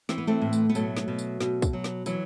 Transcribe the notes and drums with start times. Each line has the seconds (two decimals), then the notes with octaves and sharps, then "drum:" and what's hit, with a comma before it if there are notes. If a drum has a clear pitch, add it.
0.09 E3 C4, drum: snare
0.18 B3
0.27 A3 C4
0.41 A2
0.53 drum: tambourine
0.69 B3
0.75 B2 F#3 A3, drum: tambourine
0.97 drum: snare
1.08 B2
1.18 drum: tambourine
1.41 B2, drum: snare
1.62 drum: kick, tambourine
1.73 F#3
1.84 drum: snare
2.06 E3 F#3, drum: tambourine